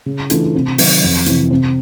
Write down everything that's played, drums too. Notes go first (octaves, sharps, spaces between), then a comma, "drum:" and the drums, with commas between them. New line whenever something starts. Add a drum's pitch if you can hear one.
C#3
E3 A3 D4 F4, drum: hi-hat
C3
D#3 F#3, drum: open hi-hat
F2
C3 E3, drum: hi-hat
C3